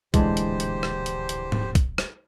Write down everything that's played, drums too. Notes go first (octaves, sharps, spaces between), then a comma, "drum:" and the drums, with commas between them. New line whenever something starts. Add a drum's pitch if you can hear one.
D1 A#1 D3 E3 G#3 G4 C5 A5, drum: kick B1, hi-hat
drum: hi-hat
drum: hi-hat
drum: rim click
drum: hi-hat
drum: hi-hat
drum: tom G#2
drum: kick B1, hi-hat
drum: rim click